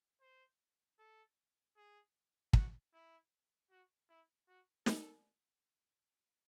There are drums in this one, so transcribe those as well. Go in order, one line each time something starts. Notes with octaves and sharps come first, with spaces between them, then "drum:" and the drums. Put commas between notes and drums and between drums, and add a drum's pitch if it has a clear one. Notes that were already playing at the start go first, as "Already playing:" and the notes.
C5
A4
G#4
F#4, drum: kick
E4
F#4
E4
F#4
A4, drum: snare